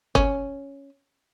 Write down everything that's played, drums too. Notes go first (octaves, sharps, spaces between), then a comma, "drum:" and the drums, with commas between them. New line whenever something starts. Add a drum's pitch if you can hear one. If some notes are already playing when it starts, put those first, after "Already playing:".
C#4, drum: kick G1